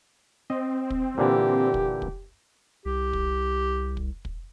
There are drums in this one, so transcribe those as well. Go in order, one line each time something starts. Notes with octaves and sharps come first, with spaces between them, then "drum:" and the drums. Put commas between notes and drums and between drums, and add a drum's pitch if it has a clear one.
C4 D#5
drum: kick
A#2 D3 E3 G4
drum: kick
drum: kick
C2 G4
drum: kick
drum: kick
drum: kick